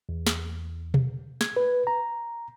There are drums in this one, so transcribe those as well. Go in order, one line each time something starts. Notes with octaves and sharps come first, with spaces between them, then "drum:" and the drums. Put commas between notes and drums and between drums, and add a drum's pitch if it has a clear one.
E2
drum: snare
drum: tom B2
G#6, drum: snare
B4
A#5